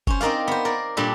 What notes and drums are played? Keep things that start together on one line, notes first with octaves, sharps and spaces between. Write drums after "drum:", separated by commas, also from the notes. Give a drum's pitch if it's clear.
C#4 C5, drum: kick
C4 D#4 A#4 D5 F5
B3 C5
A#4 D5
A#2 G3 D4 A4